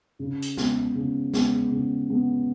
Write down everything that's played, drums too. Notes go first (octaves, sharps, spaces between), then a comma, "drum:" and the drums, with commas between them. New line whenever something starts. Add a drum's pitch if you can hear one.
C#3
drum: hi-hat
G#3 B3, drum: snare
C#3
G#3 B3, drum: snare
C#3
G#3 B3